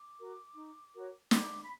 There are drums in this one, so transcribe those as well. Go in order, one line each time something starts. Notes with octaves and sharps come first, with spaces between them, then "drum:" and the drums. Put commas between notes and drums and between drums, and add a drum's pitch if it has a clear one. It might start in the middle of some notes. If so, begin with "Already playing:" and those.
Already playing: D6
F#4 A#4
D#4
F#4 A#4 C#5
D#4 D6, drum: snare
B5